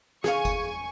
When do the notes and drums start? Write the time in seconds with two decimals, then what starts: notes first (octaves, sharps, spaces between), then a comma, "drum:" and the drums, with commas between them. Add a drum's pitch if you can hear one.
0.24 G#4 F5 G#5 C#6, drum: snare
0.45 drum: kick F#1, tambourine